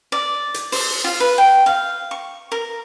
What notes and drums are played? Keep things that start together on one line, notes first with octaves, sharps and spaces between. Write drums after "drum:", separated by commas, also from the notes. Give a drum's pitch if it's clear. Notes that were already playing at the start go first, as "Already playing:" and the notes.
D5
drum: hi-hat
C5, drum: open hi-hat
F4
B4
G5
F5
C#6
A#4